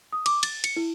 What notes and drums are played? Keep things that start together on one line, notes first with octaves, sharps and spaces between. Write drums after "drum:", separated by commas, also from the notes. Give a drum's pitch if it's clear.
D#6
D6, drum: cymbal
A6, drum: cymbal
C#7, drum: cymbal
E4